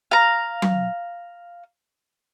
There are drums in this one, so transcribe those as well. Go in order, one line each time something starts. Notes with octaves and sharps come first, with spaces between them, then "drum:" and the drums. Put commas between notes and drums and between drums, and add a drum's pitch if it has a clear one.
F5 A#5
drum: tom F#3